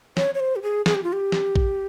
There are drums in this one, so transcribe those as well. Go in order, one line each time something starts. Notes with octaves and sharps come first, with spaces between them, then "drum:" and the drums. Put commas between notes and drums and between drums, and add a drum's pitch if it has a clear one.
C#5, drum: snare
C#5
C5
G4
G#4
G#4, drum: snare
G4
F4
G4
drum: snare
drum: kick A#1